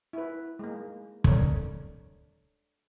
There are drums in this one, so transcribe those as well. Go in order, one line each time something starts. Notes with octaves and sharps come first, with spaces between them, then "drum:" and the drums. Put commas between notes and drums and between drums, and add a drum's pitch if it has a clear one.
E4 B4
G#3 A#3
D4 A4 A#4 C#5, drum: kick